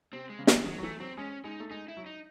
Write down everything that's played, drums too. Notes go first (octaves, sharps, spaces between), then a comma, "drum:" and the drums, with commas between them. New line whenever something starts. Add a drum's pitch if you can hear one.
C3 C4
G#3
C#3
E3, drum: snare
D#3 F#3
F#3
E3 A3
F#3 C4
G#3 C#4
G#3 D#4
A3
G#3 D#4
E4
F#3
D#4